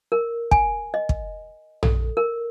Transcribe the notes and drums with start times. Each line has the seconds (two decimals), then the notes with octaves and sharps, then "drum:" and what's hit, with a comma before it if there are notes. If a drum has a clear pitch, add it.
0.12 A#4
0.51 G#5, drum: kick
0.94 D#5
1.09 drum: kick
1.83 A4, drum: tom A#1
2.17 A#4